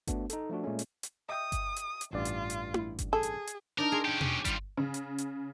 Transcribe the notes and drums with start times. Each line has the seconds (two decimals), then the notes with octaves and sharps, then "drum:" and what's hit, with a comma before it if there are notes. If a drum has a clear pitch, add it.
0.07 A3 B3 D4 F#4, drum: kick G1, hi-hat
0.30 D#4 A4, drum: hi-hat
0.49 F3 A3 D4 F#4
0.64 A#2 G#3 A3 C#4
0.79 drum: hi-hat
1.03 drum: hi-hat
1.29 D#5 E5 G5 D#6
1.52 drum: kick G1, hi-hat
1.76 drum: hi-hat
2.01 drum: hi-hat
2.13 A1 G2 F4 D5
2.25 drum: hi-hat
2.50 drum: hi-hat
2.74 drum: tom E4
2.99 drum: kick G1, hi-hat
3.13 G#4 A4
3.23 drum: hi-hat
3.47 drum: hi-hat
3.78 D4 D#4 A#4
3.92 G#4 C6
4.05 C#4 G4
4.21 drum: tom B2
4.45 G3 F4, drum: kick G1, hi-hat
4.77 C#3
4.94 drum: hi-hat
5.18 drum: hi-hat